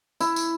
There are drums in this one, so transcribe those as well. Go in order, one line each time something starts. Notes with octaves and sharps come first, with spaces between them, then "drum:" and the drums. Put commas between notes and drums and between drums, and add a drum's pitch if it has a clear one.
E4, drum: tambourine
drum: tambourine